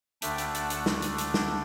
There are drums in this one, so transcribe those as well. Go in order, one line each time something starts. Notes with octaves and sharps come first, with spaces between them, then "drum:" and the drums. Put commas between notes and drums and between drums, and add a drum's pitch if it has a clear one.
D2 D3 A3 D4 E5 G5, drum: hi-hat
drum: hi-hat
F#5 A5, drum: hi-hat
drum: hi-hat
drum: snare
drum: hi-hat
drum: hi-hat
drum: snare